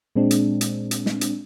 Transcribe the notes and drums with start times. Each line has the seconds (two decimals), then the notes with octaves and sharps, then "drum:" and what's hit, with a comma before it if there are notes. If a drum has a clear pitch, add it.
0.16 A#2 G#3 C4 D4
0.31 drum: hi-hat
0.61 drum: hi-hat
0.91 drum: hi-hat
1.06 drum: snare
1.21 drum: hi-hat